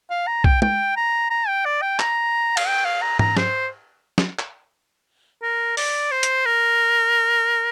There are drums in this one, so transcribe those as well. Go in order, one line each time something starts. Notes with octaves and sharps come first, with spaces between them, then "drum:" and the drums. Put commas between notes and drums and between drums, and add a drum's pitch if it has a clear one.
F5
A#5
G5, drum: kick B1
G5, drum: tom
A#5
A#5
G5
D5
G5
A#5, drum: clap
F5, drum: cymbal
G5
F5
A#5
A#5, drum: tom G#2
C5, drum: snare
drum: snare
drum: clap
A#4
D5, drum: open hi-hat
C5
drum: hi-hat
A#4